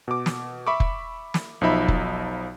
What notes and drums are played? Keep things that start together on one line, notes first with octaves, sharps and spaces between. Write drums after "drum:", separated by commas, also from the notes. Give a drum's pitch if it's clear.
B2 D6
drum: snare
E5 B5 C#6 D6
drum: kick F1
drum: snare
B1 F3 D#4 E5 B5
drum: kick F1